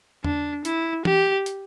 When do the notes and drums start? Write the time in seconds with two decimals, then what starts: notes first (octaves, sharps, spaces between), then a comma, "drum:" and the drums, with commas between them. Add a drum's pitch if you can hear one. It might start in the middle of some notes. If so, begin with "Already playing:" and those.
0.24 D4, drum: tom E2
0.65 E4, drum: hi-hat
1.05 G4, drum: tom
1.46 drum: hi-hat